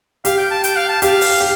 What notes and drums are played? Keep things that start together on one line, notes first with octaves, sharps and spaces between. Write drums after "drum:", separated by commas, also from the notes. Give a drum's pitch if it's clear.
G4 F5, drum: hi-hat
G5
A5
G5, drum: hi-hat
F5
A5
G4 F5, drum: hi-hat
drum: open hi-hat
G4